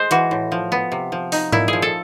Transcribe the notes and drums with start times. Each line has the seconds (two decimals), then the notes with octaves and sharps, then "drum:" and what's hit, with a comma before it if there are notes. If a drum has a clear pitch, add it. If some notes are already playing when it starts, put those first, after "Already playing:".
Already playing: G#3 C5
0.11 E3 F#4, drum: hi-hat
0.31 A2
0.52 F3
0.72 B3
0.92 C3
1.12 F3
1.32 D#4, drum: open hi-hat
1.52 A#2 E4, drum: tom G#2
1.68 G#4
1.73 F3
1.82 A4